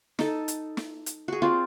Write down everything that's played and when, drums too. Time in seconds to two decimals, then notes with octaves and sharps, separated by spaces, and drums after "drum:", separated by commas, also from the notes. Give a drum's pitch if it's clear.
0.19 D#4 A4, drum: snare
0.48 drum: hi-hat
0.77 drum: snare
1.06 drum: hi-hat
1.28 F#4 G#4
1.42 C4 F4 D5